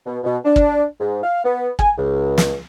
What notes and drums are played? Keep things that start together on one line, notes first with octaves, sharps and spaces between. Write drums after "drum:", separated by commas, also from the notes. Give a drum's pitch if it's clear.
B2
B2
D4
drum: kick
G#2
F5
B3
G#5, drum: kick
C#2
drum: snare